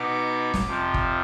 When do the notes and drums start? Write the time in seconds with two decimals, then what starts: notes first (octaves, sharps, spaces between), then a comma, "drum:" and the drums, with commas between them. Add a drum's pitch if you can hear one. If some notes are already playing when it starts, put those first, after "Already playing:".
Already playing: B2 B3 D#4 D6
0.54 drum: snare
0.67 F2 C3 F3
0.94 drum: kick